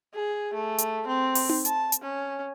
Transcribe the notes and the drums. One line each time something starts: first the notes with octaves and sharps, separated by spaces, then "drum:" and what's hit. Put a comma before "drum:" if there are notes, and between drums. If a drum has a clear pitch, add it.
G#4
A3
drum: hi-hat
C4
drum: open hi-hat
drum: tom D#4
A5, drum: hi-hat
drum: hi-hat
C#4